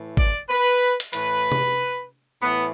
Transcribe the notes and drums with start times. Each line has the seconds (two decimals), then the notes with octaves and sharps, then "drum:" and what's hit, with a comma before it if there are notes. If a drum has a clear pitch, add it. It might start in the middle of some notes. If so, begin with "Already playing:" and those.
Already playing: A2 E3
0.17 D5, drum: kick G#1
0.49 B4
1.00 drum: hi-hat
1.13 A2 E3 B4, drum: hi-hat
1.52 drum: tom C3
2.42 A2 E3 B3